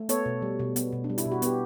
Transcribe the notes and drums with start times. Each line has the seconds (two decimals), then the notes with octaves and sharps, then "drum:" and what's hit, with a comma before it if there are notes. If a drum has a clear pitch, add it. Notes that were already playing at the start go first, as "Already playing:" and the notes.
Already playing: A3
0.09 B3 A4 C#5, drum: hi-hat
0.26 B2
0.42 G3
0.59 B2
0.76 B3, drum: hi-hat
0.92 B2
1.04 D4
1.10 G3
1.18 E4, drum: hi-hat
1.26 B2
1.32 F#4
1.42 B3 G4, drum: hi-hat